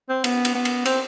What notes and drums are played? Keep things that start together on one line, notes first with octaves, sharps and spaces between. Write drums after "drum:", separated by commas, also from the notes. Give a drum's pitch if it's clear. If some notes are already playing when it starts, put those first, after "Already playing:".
C4
B3, drum: cymbal
drum: cymbal
B3
drum: cymbal
C4, drum: cymbal